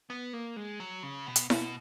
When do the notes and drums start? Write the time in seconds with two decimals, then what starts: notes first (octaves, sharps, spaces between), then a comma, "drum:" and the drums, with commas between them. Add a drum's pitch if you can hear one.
0.10 B3
0.33 A#3
0.56 G#3
0.80 F#3
1.03 C#3
1.27 B2
1.36 drum: hi-hat
1.50 B2, drum: snare E4